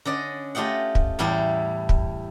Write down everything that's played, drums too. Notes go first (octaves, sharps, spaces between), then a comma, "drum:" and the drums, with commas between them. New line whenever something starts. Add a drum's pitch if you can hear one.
D3 C#4 D5 D#5
A3 F4 G4 D#5 F#5
drum: kick
E2 A2 G3 E4 G4
drum: kick